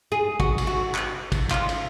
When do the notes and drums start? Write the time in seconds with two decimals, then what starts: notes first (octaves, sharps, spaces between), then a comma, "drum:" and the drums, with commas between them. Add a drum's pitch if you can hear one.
0.12 G#4
0.40 F#4, drum: kick
0.58 drum: cymbal
0.67 F#4
0.95 drum: clap
1.32 drum: kick, cymbal
1.51 F4, drum: clap
1.69 drum: cymbal